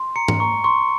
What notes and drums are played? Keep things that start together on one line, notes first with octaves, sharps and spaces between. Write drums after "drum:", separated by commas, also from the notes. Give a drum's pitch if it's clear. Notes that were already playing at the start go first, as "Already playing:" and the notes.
Already playing: C6
A#5 C#7
drum: tom G#2
A#5 C#6
C6 C#6